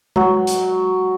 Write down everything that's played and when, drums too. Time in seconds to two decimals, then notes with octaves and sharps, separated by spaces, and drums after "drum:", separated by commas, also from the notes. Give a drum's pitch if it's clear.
0.16 F#3, drum: tom G#3
0.47 drum: hi-hat